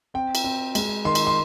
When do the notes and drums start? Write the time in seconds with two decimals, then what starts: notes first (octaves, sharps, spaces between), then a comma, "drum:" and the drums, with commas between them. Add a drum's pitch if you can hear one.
0.14 C4 G5
0.35 drum: cymbal
0.44 C4
0.75 G#3, drum: cymbal
1.05 D#3 C6
1.15 drum: cymbal
1.27 C6